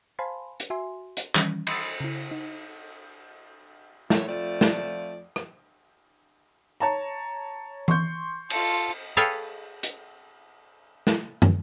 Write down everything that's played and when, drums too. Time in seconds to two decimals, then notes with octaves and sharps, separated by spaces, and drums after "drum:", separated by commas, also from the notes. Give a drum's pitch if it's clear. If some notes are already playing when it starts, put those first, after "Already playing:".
0.19 C5 F5 G#5 A5 B5 C6
0.60 drum: hi-hat
0.70 F#4 E5 G#5 C6
1.17 drum: hi-hat
1.35 D#3 E3 G3 C#4, drum: clap
1.67 B5 C6 D#6 E6 A6, drum: cymbal
2.00 C#3 E4
2.31 D#4
4.10 E2 A3 C#5, drum: snare
4.28 F2 F3 A3 D5
4.61 drum: snare
5.36 drum: rim click
6.80 C#5 A5 A#5
7.88 C6 C#6 G6, drum: tom E3
8.50 F4 A4, drum: cymbal
9.17 G#4 A4 B4 C#5 F5 G5
9.83 drum: hi-hat
11.07 drum: snare
11.42 drum: tom